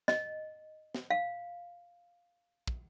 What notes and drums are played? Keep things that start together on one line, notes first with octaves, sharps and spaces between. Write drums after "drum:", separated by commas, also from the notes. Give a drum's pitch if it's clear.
D#5, drum: snare
drum: snare
F5
drum: kick